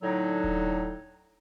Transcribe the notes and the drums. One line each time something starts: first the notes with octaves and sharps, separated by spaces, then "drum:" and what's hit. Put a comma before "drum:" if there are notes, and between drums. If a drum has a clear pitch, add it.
A2 D3 F#3 D#4
drum: kick D#1